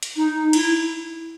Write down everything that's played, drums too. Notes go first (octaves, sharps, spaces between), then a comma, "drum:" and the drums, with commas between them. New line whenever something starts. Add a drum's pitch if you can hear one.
drum: hi-hat
D#4
E4, drum: cymbal